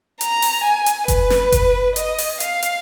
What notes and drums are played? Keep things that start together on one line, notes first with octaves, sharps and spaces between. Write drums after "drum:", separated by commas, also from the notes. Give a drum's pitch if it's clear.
A#5, drum: hi-hat
drum: open hi-hat
G#5
drum: hi-hat
B4, drum: kick F#1, hi-hat
drum: snare
drum: kick F#1, hi-hat
D#5, drum: hi-hat
drum: open hi-hat
F5, drum: hi-hat
drum: hi-hat